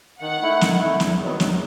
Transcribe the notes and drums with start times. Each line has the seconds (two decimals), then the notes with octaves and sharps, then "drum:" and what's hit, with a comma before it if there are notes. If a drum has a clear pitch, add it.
0.22 D#3 F#5
0.42 A3 E4
0.61 D#3, drum: snare
0.81 A3 E4
1.00 E2, drum: snare
1.20 D#3 F#3 B3
1.40 E2, drum: snare